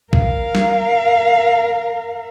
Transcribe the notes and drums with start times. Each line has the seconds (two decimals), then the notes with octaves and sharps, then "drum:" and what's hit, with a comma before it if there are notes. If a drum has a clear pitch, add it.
0.13 A#4 F5, drum: kick A#1
0.55 drum: snare